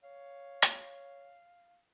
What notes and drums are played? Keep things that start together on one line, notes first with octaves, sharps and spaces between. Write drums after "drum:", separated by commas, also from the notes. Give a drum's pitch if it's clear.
C#5 F5
drum: hi-hat